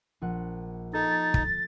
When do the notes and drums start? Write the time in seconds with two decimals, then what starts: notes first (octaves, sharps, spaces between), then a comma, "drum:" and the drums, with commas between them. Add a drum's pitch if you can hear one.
0.22 A#1 F#5
0.93 D#4 A4 A6
1.34 drum: kick